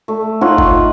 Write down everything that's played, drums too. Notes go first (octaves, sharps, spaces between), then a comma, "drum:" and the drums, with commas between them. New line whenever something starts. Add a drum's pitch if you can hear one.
A3
D#4 F4 C#5 F#5
drum: kick G1